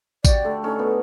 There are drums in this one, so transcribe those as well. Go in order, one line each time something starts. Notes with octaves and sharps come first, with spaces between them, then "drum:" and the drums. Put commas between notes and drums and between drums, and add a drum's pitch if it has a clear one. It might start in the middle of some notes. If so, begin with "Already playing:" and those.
F#4 G4 D5, drum: kick A1, tambourine
D3 A3
C#4 D#4 A4
B2 B3